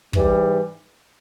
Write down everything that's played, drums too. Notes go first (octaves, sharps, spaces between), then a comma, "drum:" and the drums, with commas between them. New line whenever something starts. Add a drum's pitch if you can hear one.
G#2 E3 G3, drum: kick